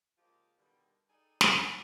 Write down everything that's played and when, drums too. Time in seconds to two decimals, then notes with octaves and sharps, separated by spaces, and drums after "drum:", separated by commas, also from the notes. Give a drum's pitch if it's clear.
0.18 C#3 F3 G#3 A#3 F4 G4
0.58 B2 D3 D#3 G3
1.10 G3 D#4 G#4 A4 D5 G#5
1.41 D3, drum: snare